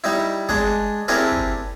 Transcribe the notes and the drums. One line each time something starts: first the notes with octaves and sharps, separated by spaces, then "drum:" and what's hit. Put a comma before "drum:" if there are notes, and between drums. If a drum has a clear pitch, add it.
G3 D#4 E4
G#3 D4 G#4, drum: kick
C4 D4 E4 G4 G#4 A#4
drum: kick